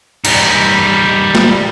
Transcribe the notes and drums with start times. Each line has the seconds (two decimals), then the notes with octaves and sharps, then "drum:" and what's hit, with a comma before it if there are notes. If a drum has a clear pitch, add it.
0.25 G3 D#4, drum: cymbal
1.35 drum: snare